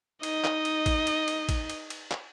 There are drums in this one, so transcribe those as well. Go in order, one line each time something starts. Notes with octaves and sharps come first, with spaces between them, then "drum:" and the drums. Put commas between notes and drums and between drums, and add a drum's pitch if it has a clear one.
D#4 D#5, drum: cymbal
drum: clap
drum: cymbal
drum: kick, cymbal
drum: cymbal
drum: cymbal
drum: kick, cymbal
drum: cymbal
drum: cymbal
drum: clap